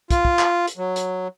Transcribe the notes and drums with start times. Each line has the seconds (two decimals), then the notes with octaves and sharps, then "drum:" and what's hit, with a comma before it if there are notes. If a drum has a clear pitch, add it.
0.11 F4, drum: kick, hi-hat
0.25 drum: kick
0.39 drum: clap
0.67 drum: hi-hat
0.78 F#3
0.96 drum: hi-hat